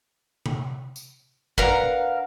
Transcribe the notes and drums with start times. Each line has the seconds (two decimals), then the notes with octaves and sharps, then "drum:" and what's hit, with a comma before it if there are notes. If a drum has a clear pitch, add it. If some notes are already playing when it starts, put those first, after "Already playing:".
0.46 drum: tom C3
0.96 drum: tambourine
1.58 D4 A#4 B4 F5 F#5 A#5, drum: kick